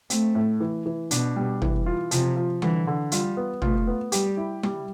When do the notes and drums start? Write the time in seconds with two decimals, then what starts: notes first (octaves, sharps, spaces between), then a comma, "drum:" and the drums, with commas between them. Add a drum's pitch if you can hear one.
0.10 A3 C4, drum: hi-hat
0.35 A2
0.60 E3
0.86 E3
1.11 B2 D4, drum: hi-hat
1.36 G3
1.62 E3, drum: tom
1.86 F4
2.11 C3 F3, drum: hi-hat
2.36 F3
2.62 D3 E3, drum: tom G3
2.87 D3
3.12 G3 F4, drum: hi-hat
3.37 B3
3.62 A3 F4, drum: tom
3.87 B3
4.12 G3 G4, drum: hi-hat
4.37 E4
4.63 G3, drum: tom G3